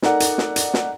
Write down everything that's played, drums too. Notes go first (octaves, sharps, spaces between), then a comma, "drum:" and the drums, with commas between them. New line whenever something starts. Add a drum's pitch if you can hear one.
D#4 A4 A#4 D5 F#5 A#5, drum: snare
drum: hi-hat
drum: snare
drum: hi-hat
drum: snare